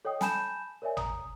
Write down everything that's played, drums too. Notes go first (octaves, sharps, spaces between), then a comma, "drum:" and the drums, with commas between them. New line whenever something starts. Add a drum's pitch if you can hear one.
A4 C#5 D#5 G5 D#6
G#5 A5 B5 G6 E7, drum: snare
A#4 C#5 D5 E5 G#5
A#5 D#6, drum: tom